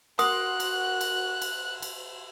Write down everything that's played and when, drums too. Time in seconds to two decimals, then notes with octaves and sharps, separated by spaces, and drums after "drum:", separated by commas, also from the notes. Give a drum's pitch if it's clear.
0.19 F#4 A#4 F#5 C6 D#6 F#6, drum: cymbal
0.60 drum: cymbal
1.01 drum: cymbal
1.42 drum: cymbal
1.82 drum: cymbal